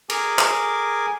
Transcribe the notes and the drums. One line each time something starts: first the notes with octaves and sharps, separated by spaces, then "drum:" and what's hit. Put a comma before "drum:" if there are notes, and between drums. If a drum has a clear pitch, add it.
G#4 A#4 G#5 D6, drum: cymbal
drum: clap